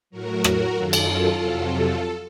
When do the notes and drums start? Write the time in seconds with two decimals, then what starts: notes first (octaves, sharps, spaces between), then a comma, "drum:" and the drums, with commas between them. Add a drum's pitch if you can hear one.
0.10 A2 F#3 F#4 A#4
0.44 drum: rim click
0.75 F#2 D#3 F#3 F4 A4
0.93 drum: cymbal
1.39 F2 C3 F#3